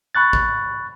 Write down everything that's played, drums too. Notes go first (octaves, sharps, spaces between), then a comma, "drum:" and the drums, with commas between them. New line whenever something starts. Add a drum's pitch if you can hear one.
B5 C#6 F#6 A6
drum: kick G#1